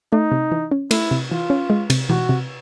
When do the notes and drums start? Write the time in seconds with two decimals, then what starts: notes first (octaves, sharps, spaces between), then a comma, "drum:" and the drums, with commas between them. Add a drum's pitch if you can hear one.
0.12 A3 D#4
0.32 C3
0.52 E3
0.72 C#4
0.91 A3 E4, drum: cymbal
1.11 C3
1.31 E3 F4
1.50 C#4
1.70 G#3
1.90 C3, drum: cymbal
2.09 E3 F#4, drum: tom B2
2.29 C3